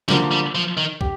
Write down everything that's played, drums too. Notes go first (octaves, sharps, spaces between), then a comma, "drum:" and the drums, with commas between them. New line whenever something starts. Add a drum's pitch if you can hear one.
D3 F3 G3 A#3, drum: snare
G3
F3
D#3
G4, drum: kick